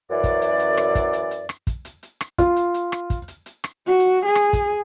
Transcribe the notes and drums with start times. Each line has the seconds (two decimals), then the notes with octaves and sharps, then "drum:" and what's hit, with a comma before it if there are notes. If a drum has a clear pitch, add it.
0.10 F#2 E3 D5
0.24 drum: kick, hi-hat
0.42 drum: hi-hat
0.60 drum: hi-hat
0.77 drum: rim click
0.95 drum: kick, hi-hat
1.13 drum: hi-hat
1.31 drum: hi-hat
1.49 drum: rim click
1.67 drum: kick, hi-hat
1.85 drum: hi-hat
2.03 drum: hi-hat
2.21 drum: rim click
2.38 F4, drum: kick, hi-hat
2.56 drum: hi-hat
2.74 drum: hi-hat
2.92 drum: rim click
3.10 drum: kick, hi-hat
3.28 drum: hi-hat
3.46 drum: hi-hat
3.64 drum: rim click
3.87 F#4
4.00 drum: hi-hat
4.26 G#4
4.35 drum: rim click
4.53 drum: kick, hi-hat